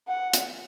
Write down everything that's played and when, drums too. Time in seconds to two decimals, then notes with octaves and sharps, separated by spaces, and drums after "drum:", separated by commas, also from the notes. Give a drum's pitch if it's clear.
0.08 F#5
0.33 drum: hi-hat